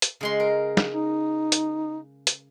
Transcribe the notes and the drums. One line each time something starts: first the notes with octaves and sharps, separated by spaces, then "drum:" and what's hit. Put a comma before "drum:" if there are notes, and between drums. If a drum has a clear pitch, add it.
drum: hi-hat
C#3 G#3 C6
A#4
drum: snare
D#4
drum: hi-hat
drum: hi-hat